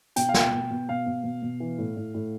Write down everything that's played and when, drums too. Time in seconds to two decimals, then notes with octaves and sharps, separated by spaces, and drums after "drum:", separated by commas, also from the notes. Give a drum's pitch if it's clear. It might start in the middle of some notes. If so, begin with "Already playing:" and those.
0.16 B2 G5, drum: hi-hat
0.29 F5
0.34 B2, drum: snare
0.40 G5
0.53 B2
0.70 B2
0.89 B2 F5
1.06 B2
1.24 B2
1.42 B2
1.60 E3
1.78 A2
1.97 A2
2.14 A2